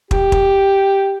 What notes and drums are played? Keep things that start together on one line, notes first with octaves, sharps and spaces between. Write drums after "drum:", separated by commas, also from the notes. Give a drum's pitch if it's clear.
G4, drum: kick
drum: kick